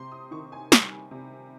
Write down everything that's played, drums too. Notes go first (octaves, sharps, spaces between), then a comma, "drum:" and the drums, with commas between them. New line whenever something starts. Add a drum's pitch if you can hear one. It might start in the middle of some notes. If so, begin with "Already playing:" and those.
Already playing: C3 C6
D#6
D#3 C#6
G#5
G3, drum: snare
C3